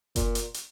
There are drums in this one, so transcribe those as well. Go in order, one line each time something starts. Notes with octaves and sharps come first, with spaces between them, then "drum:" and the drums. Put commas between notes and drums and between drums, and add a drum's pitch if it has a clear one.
A#2, drum: kick F#1, hi-hat
drum: hi-hat
drum: hi-hat